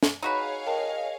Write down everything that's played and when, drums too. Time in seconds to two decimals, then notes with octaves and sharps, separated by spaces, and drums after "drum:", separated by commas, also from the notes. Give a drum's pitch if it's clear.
0.03 drum: snare
0.23 D#4 F#4 G#4 B4 C#5 F5
0.66 A#4 D#5 G5 A5